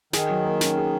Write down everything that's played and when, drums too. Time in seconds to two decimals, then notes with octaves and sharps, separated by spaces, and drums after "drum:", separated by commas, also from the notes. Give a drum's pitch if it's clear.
0.13 D#3 G#4, drum: snare
0.30 F#3
0.45 A#3
0.61 C#4, drum: snare
0.77 G#4